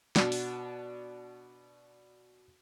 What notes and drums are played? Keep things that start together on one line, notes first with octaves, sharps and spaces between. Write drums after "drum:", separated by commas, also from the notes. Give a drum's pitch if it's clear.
B2 D4, drum: snare
drum: open hi-hat